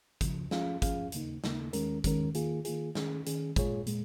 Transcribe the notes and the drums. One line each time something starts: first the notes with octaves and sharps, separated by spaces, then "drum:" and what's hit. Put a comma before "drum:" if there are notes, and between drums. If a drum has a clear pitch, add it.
C#2 C#3 F3, drum: kick, hi-hat
F3 C#4 F4 G#4 F5, drum: snare
F3 C#4 F4 G#4 F5, drum: kick, hi-hat
D#2 C#3 A#3 D#4, drum: hi-hat
D#2 C#3 A#3 D#4, drum: snare
D#2 D#3 G#3 C#4 A#4, drum: hi-hat
D#2 D#3 G#3 C#4 A#4, drum: kick, hi-hat
D#3 A#3 F4 G#4, drum: hi-hat
D#3 A#3 F4 G#4, drum: hi-hat
D#3 C#4 G#4, drum: snare
D#3 C#4 G#4, drum: hi-hat
A#2 G#3 F4 G#4 C#5, drum: kick, hi-hat
A#2 G#3, drum: hi-hat